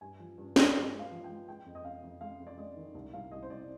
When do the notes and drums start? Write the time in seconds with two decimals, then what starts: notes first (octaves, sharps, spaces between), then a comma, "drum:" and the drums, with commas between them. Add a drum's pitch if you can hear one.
0.01 G2 G#5
0.19 F3
0.38 G2
0.56 G2, drum: snare
0.74 G2 B4
0.93 G#3
0.99 F5
1.11 F3
1.24 G5
1.29 G#3
1.48 G#3 G5
1.66 F2
1.75 D#5
1.84 F2 F5
2.03 F2
2.21 G#3 F5
2.40 F2
2.47 D5
2.57 G#3 D#5
2.77 D#3
2.95 C2
3.13 C2 F5
3.31 C2 D#5
3.43 C5
3.49 C2 D5